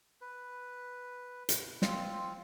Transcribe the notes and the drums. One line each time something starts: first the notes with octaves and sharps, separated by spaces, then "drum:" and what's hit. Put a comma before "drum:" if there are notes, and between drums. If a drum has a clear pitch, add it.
B4
drum: hi-hat
C4 F4, drum: snare